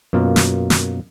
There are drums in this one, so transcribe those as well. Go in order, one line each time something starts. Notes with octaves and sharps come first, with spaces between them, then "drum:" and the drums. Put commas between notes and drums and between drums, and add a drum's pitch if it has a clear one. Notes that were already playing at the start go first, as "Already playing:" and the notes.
F#2 B2 A#3 F4
drum: snare
drum: snare